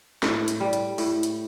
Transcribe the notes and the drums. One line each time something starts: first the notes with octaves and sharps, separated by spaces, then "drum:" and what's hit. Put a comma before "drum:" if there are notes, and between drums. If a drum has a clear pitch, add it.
A2, drum: snare
drum: hi-hat
G3
drum: hi-hat
A2, drum: open hi-hat
drum: hi-hat